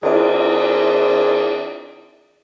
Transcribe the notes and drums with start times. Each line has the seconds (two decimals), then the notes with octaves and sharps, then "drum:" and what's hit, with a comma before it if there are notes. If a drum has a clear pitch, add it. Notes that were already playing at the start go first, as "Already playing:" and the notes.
0.03 D#3 C4 D4 G#4, drum: cymbal